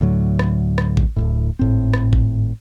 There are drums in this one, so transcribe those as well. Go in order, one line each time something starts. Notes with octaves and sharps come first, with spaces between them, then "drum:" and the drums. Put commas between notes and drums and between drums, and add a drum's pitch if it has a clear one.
D2 A2 F#3
drum: rim click
drum: rim click
drum: kick A1
D1 B1 A2
G#1 A2 C4
drum: rim click
drum: kick A1